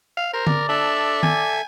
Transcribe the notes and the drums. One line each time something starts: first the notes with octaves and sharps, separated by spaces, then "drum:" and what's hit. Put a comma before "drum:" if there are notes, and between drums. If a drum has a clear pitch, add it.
F5
A#4 C5
D5, drum: tom D3
D4 A4 E5
G#5, drum: tom D#3